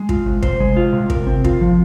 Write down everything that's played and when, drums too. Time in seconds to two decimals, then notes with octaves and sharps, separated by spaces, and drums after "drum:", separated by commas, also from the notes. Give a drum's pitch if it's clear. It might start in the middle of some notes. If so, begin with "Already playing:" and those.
Already playing: G#3
0.09 F4, drum: kick
0.26 C3
0.42 C5, drum: kick
0.60 G#3
0.77 F4
0.93 C3
1.10 A#4, drum: kick
1.27 C4
1.44 F4, drum: kick
1.61 F3